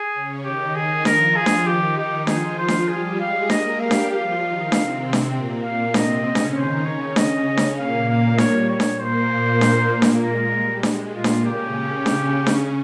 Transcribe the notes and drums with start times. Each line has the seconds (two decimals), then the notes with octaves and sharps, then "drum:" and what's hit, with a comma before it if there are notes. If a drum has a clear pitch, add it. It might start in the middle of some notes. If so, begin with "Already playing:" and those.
Already playing: G#4
0.14 C#3 C#4
0.44 D#3 D#4 G4
0.74 D#3 D#4 G#4
1.05 F3 F4 A#4, drum: snare D4
1.36 G#4
1.46 drum: snare D4
1.66 D#3 D#4 G4
1.97 G4
2.27 F3 F4 G#4, drum: snare D4
2.58 F3 F4 C5
2.68 drum: snare D4
2.88 G3 G4 G#4
3.19 G#3 G#4 F5
3.50 A#3 A#4 D#5, drum: snare D4
3.80 G3 G4 F5
3.91 drum: snare D4
4.11 F3 F4 F5
4.42 D#3 D#4
4.72 C3 C4, drum: snare D4
5.13 drum: snare D4
5.34 A#2 A#3
5.63 A#2 A#3 F5
5.94 C3 C4 D#5, drum: snare D4
6.25 C#3 C#4
6.35 drum: snare D4
6.55 D#3 D#4 C5
6.86 C#3 C#4 C#5
7.16 C#3 C#4 D#5, drum: snare D4
7.57 drum: snare D4
7.78 A#2 A#3 F5
8.09 F5
8.38 G3 C#5, drum: snare D4
8.69 C#5
8.80 drum: snare D4
9.00 A#2 A#3 C5
9.61 drum: snare D4
10.02 drum: snare D4
10.22 G#3 A#4
10.53 G3
10.83 G#3, drum: snare D4
11.14 A#2 A#3 F4
11.24 drum: snare D4
11.45 C#3 C#4 G4
12.06 drum: snare D4
12.46 drum: snare D4